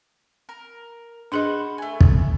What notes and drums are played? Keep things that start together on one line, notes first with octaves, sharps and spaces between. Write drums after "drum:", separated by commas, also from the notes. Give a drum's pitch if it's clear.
A#4
D4 F#4 G#4 B4 C5 D#5
A3 G#5
drum: kick